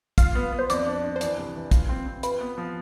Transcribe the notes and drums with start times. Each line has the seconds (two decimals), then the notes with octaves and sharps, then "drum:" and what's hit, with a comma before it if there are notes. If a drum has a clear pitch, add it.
0.18 F4 F5, drum: kick, hi-hat
0.35 B3
0.52 B3
0.59 C5
0.70 F2 D5, drum: hi-hat
0.86 D4
1.04 D4
1.16 C5
1.21 E3 D5, drum: hi-hat
1.37 C2
1.55 E3
1.71 F4, drum: kick, hi-hat
1.89 C4
2.06 C4
2.23 F4 B4, drum: hi-hat
2.41 B3
2.58 F3